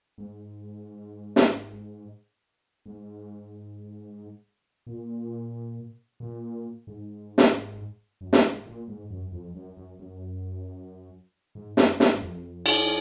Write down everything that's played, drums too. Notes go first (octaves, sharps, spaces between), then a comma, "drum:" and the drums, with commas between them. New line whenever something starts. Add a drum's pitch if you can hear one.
G#2
drum: snare
G#2
A#2
A#2
G#2
drum: snare
F#2
drum: snare
G#2
A#2
G#2
F#2
F2
F#2
F#2
F#2
G#2
F#2, drum: snare
G#2, drum: snare
F2
drum: cymbal